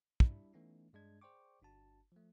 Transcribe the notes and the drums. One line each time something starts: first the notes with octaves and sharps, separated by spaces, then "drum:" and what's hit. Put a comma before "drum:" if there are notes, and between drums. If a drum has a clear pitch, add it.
G3 D4 E4, drum: kick
E3 A3 B3 C#4 D#4
G2 G#3 D4 G#6
G#4 C5 D5 G5 C#6 D6
G1 D4 F#4 A5
F3 A3